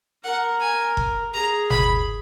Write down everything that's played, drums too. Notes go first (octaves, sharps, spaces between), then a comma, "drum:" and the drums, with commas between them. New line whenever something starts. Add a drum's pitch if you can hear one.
A#4 F#5
G#5
drum: kick G1
G#4 A#5
B5, drum: tom G1